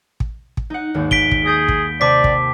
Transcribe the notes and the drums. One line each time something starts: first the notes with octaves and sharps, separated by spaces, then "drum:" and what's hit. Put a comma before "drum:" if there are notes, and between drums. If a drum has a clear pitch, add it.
drum: kick
drum: kick
D#4 F#5
G#1 D#2
B6 D7 G7, drum: kick
drum: kick
G#4 D#6 G6 A#6
drum: kick
C3 C5 D5 G5 A5 D6 B6
drum: kick